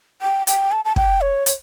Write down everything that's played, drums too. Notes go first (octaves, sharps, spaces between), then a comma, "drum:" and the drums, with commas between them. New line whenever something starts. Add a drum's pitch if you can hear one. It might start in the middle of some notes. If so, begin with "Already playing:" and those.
G5
G5, drum: hi-hat
A5
A5
G5, drum: kick
C#5
C#5, drum: hi-hat